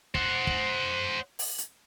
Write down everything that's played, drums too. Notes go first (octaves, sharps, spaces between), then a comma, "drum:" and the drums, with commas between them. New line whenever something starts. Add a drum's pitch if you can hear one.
C5 F#5, drum: kick
drum: kick
drum: open hi-hat
drum: hi-hat